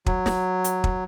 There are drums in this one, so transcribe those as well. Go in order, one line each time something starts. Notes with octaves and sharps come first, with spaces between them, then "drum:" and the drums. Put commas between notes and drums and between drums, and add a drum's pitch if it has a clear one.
F#3, drum: kick
drum: snare
drum: hi-hat
drum: kick